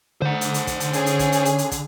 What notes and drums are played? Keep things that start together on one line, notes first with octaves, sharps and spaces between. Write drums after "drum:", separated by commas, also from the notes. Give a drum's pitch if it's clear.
D3 C5 F#5
drum: hi-hat
drum: hi-hat
drum: kick, hi-hat
drum: hi-hat
C#4 G#4, drum: hi-hat
drum: hi-hat
drum: kick, hi-hat
drum: hi-hat
drum: hi-hat
drum: hi-hat
drum: kick, hi-hat